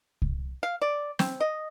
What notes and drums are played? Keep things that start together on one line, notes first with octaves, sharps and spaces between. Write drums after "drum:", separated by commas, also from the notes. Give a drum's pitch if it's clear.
drum: kick C2
F5
D5
C4, drum: snare
D#5